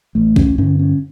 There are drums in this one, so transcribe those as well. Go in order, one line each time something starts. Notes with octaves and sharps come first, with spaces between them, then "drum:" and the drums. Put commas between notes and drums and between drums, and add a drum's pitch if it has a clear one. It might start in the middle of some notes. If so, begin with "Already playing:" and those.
A1 A3
C#4, drum: kick
G2 D3 C#4
C#4